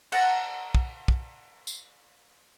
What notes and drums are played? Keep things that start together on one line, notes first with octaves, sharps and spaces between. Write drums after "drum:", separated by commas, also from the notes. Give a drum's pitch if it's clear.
F#5 A5 A#5, drum: cymbal
drum: kick
drum: kick
drum: tambourine